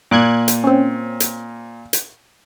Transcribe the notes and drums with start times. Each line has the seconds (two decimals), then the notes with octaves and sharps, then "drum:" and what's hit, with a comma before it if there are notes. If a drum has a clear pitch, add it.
0.11 A#2 D6 F#6 G#6
0.48 drum: hi-hat
0.64 C4 C#4
1.20 drum: hi-hat
1.93 drum: hi-hat